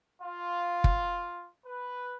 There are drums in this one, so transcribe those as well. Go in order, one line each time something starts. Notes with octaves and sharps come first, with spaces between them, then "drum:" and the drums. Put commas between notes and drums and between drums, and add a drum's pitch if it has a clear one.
F4
drum: kick
B4